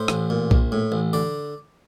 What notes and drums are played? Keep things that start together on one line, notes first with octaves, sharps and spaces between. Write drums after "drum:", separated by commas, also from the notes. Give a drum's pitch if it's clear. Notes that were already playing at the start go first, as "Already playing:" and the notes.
Already playing: A2 C5
A1, drum: rim click
A#2
A#1, drum: kick B1
A2
A1
D3 D5